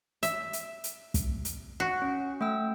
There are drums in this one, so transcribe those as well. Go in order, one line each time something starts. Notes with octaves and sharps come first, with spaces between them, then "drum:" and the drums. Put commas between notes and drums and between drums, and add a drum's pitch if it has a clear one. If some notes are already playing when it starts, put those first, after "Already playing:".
E5, drum: hi-hat
drum: hi-hat
drum: hi-hat
drum: kick, hi-hat
drum: hi-hat
F#4
C#4
A3 G5 E6